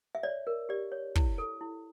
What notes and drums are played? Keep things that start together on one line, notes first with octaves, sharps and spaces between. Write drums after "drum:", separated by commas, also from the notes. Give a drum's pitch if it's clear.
E5
C#5 D5
A#4
G4 D5
C#5
E4, drum: kick
A4
E4